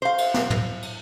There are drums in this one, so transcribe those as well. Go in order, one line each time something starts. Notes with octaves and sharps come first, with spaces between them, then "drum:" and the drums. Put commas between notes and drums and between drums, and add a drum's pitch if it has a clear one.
C5 F5
drum: cymbal
drum: snare
drum: tom
drum: cymbal